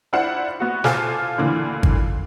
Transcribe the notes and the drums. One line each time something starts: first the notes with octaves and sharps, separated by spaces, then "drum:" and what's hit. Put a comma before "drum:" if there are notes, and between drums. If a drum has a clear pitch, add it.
D4 E4 F4 C5 F#5
B3 F#4
F4 A4 C5 G#5 D6, drum: snare
D2 A#2 D3 E3
drum: kick G#1